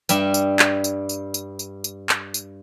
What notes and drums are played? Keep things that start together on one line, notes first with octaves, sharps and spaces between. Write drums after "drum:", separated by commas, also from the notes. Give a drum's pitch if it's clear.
G2 G3 E5, drum: tambourine
drum: tambourine
drum: clap
drum: tambourine
drum: tambourine
drum: tambourine
drum: tambourine
drum: tambourine
drum: clap
drum: tambourine